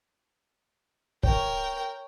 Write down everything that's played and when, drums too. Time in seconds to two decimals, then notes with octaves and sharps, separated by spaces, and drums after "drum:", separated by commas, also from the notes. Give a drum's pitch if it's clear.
1.23 A#4 C#5 G5, drum: kick